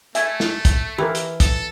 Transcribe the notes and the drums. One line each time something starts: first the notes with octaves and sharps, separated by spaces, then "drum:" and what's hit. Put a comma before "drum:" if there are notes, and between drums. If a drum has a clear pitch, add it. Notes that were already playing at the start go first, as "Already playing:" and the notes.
A3 E5 G#5, drum: hi-hat
drum: snare
drum: kick, hi-hat
E3 G4 A#4
drum: hi-hat
A4, drum: kick, hi-hat